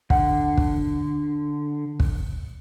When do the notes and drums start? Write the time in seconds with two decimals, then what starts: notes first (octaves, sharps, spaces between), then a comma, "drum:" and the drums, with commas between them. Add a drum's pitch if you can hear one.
0.10 D3 F#5, drum: kick
0.57 drum: kick
2.00 drum: kick